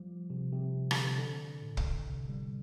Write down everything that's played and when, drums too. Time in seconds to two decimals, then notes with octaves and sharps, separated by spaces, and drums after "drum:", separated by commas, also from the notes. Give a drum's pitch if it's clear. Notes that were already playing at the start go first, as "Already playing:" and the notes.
Already playing: F3 G3
0.30 C3
0.52 C3
0.91 D3, drum: rim click
0.96 C3
1.18 D3
1.62 A2
1.77 drum: kick
2.06 C3
2.29 G3